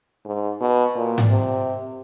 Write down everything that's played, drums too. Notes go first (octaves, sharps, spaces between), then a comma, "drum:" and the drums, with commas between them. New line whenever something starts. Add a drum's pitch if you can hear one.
G#2
B2
A#2
drum: tom G#2
C3